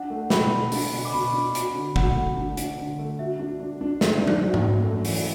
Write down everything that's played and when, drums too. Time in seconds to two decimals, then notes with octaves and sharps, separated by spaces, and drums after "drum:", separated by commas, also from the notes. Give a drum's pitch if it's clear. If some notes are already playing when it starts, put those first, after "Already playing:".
Already playing: D4 F#5
0.10 A3
0.30 B2 B5, drum: snare
0.52 B2
0.72 D4, drum: open hi-hat
0.92 B2
1.05 D6
1.13 B2 B5
1.34 D4
1.55 F#4, drum: hi-hat
1.75 D3
1.96 F#4 F#5, drum: kick
2.16 A3
2.37 D4
2.57 D4, drum: hi-hat
2.78 D3
2.99 A3
3.19 F#4 E5
3.40 D4
3.60 D4
3.81 D4
4.01 F#2 D5, drum: snare
4.14 E5
4.22 D4
4.27 D5, drum: tom F#3
4.42 F#4
4.54 drum: tom G#2
4.63 F#2
4.83 A3
5.05 E3, drum: open hi-hat